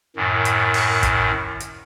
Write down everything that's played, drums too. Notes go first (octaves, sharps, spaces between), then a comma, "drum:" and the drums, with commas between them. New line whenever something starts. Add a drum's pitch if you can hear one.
F#2 A2 D#3
drum: hi-hat
drum: open hi-hat
drum: kick, hi-hat
drum: hi-hat